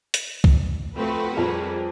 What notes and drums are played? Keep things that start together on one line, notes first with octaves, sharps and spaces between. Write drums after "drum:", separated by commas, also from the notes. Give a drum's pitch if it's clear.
drum: hi-hat
drum: kick
F3 A3 C4 F#4 B4
F2 G3 G#4 A#4